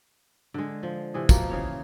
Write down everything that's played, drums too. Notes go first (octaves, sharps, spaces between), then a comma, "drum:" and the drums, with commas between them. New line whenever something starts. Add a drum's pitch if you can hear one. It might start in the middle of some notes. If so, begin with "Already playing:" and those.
D3 G#3
F3
C3 E3 G#4
B2 F3 A#3, drum: kick, tambourine
C#3 E3 C#5 F5